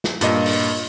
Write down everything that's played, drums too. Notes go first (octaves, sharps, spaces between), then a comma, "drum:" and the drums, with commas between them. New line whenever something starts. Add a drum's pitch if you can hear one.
drum: snare
G2 A#2 D#5, drum: hi-hat
drum: open hi-hat